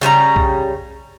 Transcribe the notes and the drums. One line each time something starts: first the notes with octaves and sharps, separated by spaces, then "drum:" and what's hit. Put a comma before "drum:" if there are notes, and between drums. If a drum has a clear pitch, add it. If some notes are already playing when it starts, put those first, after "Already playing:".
C#3 G3 B4 A#5
drum: kick B1